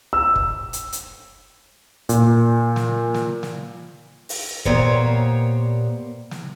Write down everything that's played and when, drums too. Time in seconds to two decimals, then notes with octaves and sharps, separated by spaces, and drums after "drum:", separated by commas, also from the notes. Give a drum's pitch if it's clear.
0.13 E6
0.36 drum: kick
0.73 drum: hi-hat
0.93 drum: hi-hat
2.09 A#2, drum: hi-hat
2.76 drum: snare
3.14 drum: snare
3.43 drum: snare
4.29 drum: open hi-hat
4.65 A#2 A#3 B3 G4 C5 C#5, drum: kick
6.31 drum: snare